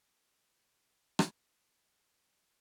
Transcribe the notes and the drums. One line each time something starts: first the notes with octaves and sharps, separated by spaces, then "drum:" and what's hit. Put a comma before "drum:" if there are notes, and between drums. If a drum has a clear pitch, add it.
G3 A#3 C#4
drum: rim click
F#4 A4 C#5 E5
E4 A4 C5 D#5